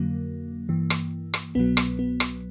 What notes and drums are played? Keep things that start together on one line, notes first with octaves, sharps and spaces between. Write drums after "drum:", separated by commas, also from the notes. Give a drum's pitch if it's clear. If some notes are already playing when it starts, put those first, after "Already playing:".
Already playing: F2 D3 F#3 A#3
G2 E3
drum: rim click
drum: rim click
C2 B2 F#3 B3
drum: rim click
B3
drum: rim click